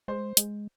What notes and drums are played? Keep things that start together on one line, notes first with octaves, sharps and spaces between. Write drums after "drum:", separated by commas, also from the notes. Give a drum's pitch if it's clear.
G#3 C5
G#3, drum: hi-hat